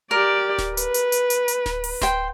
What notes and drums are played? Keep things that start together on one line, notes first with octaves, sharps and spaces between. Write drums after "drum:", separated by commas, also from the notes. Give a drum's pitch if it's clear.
G4 A#4 D5
drum: snare D1
B4, drum: hi-hat
drum: hi-hat
drum: hi-hat
drum: hi-hat
drum: hi-hat
drum: snare D1
drum: open hi-hat
C5 G5, drum: snare D1